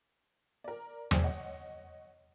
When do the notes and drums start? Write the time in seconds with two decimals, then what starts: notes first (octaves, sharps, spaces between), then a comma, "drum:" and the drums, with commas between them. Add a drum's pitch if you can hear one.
0.64 A#4 D5
1.11 G#4 C5 D5 G5 G#5, drum: tom E2
1.23 C#5 D#5 F#5